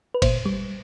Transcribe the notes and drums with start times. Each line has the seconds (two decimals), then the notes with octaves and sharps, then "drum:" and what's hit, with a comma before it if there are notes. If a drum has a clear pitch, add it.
0.14 B4
0.22 A#2 C5, drum: kick G1, cymbal
0.46 G3